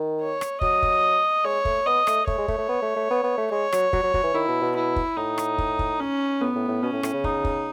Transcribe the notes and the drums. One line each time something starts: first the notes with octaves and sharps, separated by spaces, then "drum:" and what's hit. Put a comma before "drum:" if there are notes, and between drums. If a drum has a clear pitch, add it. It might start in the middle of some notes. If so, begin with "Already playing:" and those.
Already playing: D#3
C#5
drum: rim click
F#3 D#5, drum: kick
drum: kick
G#3 C#5
A3, drum: kick
B3 D#5
A3, drum: rim click
A3 C#5, drum: kick
G#3
A3, drum: kick
A3
B3
A3
A3
B3
B3
A3
G#3 C#5
F#3, drum: rim click
F#3, drum: kick
F#3
F#3, drum: kick
E3
D#3 E4
B2
B2
E4
drum: kick
A2 D#4
drum: rim click
drum: kick
drum: kick
C#4
A2 B3
A2
A2
B2 C#4
A2
A2, drum: rim click
C#3
D#4, drum: kick
drum: kick